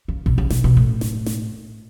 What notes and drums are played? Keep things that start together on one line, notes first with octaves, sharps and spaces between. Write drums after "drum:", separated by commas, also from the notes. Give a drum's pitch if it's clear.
C#3
B2, drum: kick A1
C#3
B2, drum: snare
B2
A2
drum: snare
drum: snare